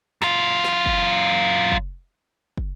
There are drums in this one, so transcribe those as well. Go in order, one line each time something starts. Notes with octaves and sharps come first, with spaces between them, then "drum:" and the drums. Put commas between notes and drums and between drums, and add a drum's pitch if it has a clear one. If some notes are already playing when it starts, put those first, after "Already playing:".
F#2 F4, drum: snare
drum: snare
drum: kick
drum: kick
drum: kick